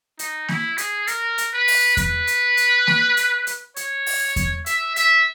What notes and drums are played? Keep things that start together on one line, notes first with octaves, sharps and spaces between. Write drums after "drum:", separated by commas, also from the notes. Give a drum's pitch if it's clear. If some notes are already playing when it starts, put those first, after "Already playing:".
D#4, drum: hi-hat
E4, drum: snare A#3
G#4, drum: hi-hat
A#4, drum: hi-hat
drum: hi-hat
B4
drum: open hi-hat
B4, drum: kick E2, hi-hat
drum: hi-hat
drum: hi-hat
drum: snare A#3
drum: hi-hat
drum: hi-hat
C#5, drum: hi-hat
drum: open hi-hat
drum: kick E2, hi-hat
E5, drum: hi-hat
E5, drum: hi-hat